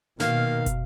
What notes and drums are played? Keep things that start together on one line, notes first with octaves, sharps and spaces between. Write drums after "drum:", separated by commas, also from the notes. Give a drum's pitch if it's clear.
B2 D#3 A#3 F5, drum: snare
drum: kick, hi-hat